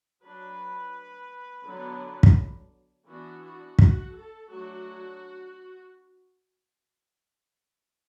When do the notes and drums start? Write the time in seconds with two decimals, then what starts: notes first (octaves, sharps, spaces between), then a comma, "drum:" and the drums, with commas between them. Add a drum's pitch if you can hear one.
0.22 F#3 D4 B4
1.64 D3 F#3 B3 D4
2.23 drum: kick
3.08 E3 B3 D4 F#4
3.44 F#4
3.79 F#4, drum: kick
4.14 A4
4.50 F#3 A3 D4 F#4